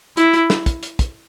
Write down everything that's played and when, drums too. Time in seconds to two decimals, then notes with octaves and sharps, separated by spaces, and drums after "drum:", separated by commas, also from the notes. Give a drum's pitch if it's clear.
0.17 E4, drum: hi-hat
0.33 drum: hi-hat
0.50 drum: snare
0.66 drum: kick, hi-hat
0.83 drum: hi-hat
0.99 drum: kick, hi-hat